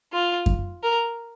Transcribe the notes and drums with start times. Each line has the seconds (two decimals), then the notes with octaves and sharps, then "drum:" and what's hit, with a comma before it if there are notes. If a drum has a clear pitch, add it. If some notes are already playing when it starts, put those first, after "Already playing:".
0.13 F4
0.46 drum: kick F#2
0.83 A#4